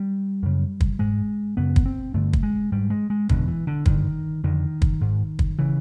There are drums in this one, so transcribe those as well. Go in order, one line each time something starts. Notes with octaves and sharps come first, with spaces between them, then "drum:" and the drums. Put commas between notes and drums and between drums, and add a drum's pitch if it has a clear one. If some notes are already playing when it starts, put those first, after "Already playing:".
Already playing: G3
F#2 C#3
drum: kick
G#2 G#3
F#2 C#3 B3
drum: kick
C4
G2 D3 A3
drum: kick
G#3
G#2 G3
G#3
G#3
E2 B2 D3, drum: kick
E3
D3
G2 D3 D#3, drum: kick
F2 D3 D#3
drum: kick
G#2
drum: kick
C#3 E3